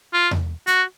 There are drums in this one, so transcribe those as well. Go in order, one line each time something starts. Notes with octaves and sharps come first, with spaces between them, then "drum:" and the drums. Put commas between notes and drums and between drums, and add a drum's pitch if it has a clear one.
F4
drum: tom E2
F#4, drum: hi-hat